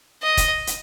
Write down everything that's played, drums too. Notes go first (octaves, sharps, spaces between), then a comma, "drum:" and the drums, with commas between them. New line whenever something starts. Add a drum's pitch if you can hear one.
D#5
drum: kick, hi-hat
drum: hi-hat